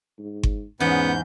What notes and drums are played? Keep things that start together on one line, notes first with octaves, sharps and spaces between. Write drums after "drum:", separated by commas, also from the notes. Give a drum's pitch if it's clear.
G#2
drum: kick G1
E2 G#2 B3 C#4 G6